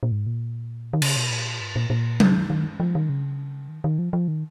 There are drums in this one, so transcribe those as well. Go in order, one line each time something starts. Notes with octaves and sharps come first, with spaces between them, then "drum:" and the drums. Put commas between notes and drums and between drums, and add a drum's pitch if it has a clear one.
A#2
G#2
A#2
D#3
C#3, drum: cymbal
B2
A#2
G#2
A#2
A#2
C#3, drum: tom F#3
D#3
D#3
F3
D#3
C#3
D#3
D#3
F3
F3
D#3